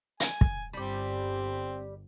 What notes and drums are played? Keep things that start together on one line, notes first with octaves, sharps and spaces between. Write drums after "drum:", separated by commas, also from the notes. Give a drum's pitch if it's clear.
G#5, drum: hi-hat
drum: kick
G1 G3 C4 G4